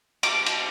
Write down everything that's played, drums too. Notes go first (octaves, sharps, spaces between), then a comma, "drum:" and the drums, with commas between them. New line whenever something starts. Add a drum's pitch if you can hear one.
D6, drum: cymbal
drum: cymbal